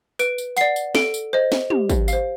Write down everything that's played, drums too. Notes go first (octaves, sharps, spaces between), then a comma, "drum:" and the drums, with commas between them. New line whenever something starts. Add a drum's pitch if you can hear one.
B4 D7, drum: tambourine
drum: tambourine
D5 F#5 C7, drum: tambourine
drum: tambourine
A4 D7, drum: snare
drum: tambourine
C5 D#5
drum: snare
G4, drum: tom
drum: kick, tambourine
C5 F5, drum: tambourine